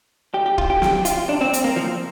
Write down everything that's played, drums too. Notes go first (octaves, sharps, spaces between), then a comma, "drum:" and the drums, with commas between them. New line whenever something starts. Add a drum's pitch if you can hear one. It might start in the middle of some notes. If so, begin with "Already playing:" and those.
G4
G4
F4, drum: kick
G4
G4, drum: snare
F4, drum: hi-hat
D4
C4
C4, drum: hi-hat
A#3
F3